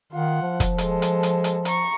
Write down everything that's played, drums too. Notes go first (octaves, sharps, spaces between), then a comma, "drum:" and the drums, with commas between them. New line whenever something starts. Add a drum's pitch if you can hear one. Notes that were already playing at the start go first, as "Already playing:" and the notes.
D#3 F4 F#5
F3
drum: kick, hi-hat
G#3 A4, drum: hi-hat
drum: hi-hat
drum: hi-hat
drum: hi-hat
A#5 C#6, drum: hi-hat